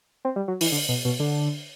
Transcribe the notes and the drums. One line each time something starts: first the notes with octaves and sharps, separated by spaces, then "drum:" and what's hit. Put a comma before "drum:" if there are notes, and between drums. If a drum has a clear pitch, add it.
C4
G3
F#3
E3, drum: open hi-hat
D3
B2
B2
D3